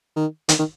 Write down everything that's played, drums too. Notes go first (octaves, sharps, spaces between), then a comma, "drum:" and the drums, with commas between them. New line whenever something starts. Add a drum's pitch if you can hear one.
D#3
D#3, drum: hi-hat
D#3